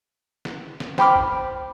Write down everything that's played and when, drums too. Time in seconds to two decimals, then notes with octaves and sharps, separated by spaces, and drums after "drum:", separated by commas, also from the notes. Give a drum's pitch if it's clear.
0.45 drum: snare
0.80 drum: snare
0.98 C5 G5 B5 D6 F6, drum: snare
1.16 drum: kick